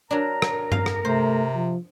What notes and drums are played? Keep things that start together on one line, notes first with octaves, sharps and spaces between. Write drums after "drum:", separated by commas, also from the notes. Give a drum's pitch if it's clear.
F#3 D4 A#4 A#5
drum: rim click
F5, drum: tom G2
drum: rim click
C3 A3 C5
F3